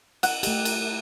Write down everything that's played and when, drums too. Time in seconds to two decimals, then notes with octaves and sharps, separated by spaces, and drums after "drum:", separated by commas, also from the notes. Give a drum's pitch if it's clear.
0.23 F#5, drum: cymbal
0.43 A3 G4, drum: cymbal
0.65 drum: cymbal